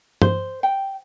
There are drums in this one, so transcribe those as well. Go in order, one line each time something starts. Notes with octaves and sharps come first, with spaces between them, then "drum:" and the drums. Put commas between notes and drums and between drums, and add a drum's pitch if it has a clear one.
C5, drum: tom G2
G5